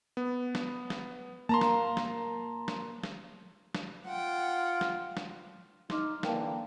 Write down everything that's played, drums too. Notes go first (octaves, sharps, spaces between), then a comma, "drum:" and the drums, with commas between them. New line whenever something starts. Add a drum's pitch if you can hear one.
B3
drum: snare
drum: snare
A#3 A5 A#5 C6
drum: snare
drum: snare
drum: snare
drum: snare
drum: snare
F4 F#5 G5
drum: snare
drum: snare
D#4 C6 D6 F6, drum: snare
D3 E3 A#3 F5 G5 A5, drum: snare